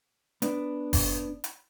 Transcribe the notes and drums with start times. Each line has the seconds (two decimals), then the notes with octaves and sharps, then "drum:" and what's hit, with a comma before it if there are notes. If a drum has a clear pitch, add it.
0.42 B3 D4, drum: hi-hat
0.93 drum: kick F#1, open hi-hat
1.44 drum: hi-hat